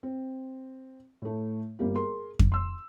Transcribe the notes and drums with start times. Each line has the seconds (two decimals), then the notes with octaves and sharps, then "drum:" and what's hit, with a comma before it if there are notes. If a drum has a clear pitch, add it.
0.03 C4
1.22 A2 A3
1.79 G1 G3 A#3 G4
1.94 G#4 A#4 C6
2.39 drum: kick F2
2.52 C6 E6